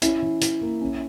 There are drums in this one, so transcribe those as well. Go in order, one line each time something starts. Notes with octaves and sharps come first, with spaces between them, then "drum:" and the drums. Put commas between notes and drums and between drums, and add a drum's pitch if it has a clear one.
C#4 E4, drum: hi-hat
E3
E3, drum: hi-hat
A#3
C#4